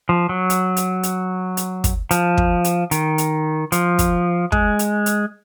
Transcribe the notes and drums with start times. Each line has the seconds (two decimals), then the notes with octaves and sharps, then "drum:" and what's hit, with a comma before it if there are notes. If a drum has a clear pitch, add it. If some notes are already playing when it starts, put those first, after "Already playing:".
0.09 F3
0.29 F#3
0.50 drum: hi-hat
0.77 drum: hi-hat
1.03 drum: hi-hat
1.57 drum: hi-hat
1.84 drum: kick, hi-hat
2.11 F3, drum: hi-hat
2.38 drum: kick
2.64 drum: hi-hat
2.91 D#3, drum: hi-hat
3.18 drum: hi-hat
3.72 F3, drum: hi-hat
3.99 drum: kick, hi-hat
4.52 G#3, drum: kick
4.79 drum: hi-hat
5.06 drum: hi-hat